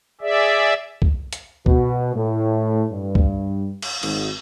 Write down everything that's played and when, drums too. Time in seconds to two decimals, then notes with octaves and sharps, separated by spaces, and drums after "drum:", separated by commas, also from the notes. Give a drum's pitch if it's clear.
0.21 G#4 D5 E5
1.02 drum: kick C#2
1.33 drum: hi-hat
1.66 B2, drum: kick C#2
2.15 A2
2.92 G2
3.15 drum: kick C#2
3.82 drum: cymbal
4.03 G#1, drum: cymbal